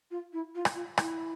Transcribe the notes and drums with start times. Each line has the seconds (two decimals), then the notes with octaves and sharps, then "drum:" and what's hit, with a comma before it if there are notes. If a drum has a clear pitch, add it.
0.11 F4
0.33 E4
0.55 F4
0.65 drum: rim click
0.75 F4
0.98 E4, drum: rim click